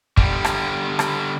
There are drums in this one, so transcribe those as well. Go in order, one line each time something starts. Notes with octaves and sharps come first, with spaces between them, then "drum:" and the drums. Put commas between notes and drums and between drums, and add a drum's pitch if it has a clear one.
D3 G3, drum: kick
drum: rim click
drum: rim click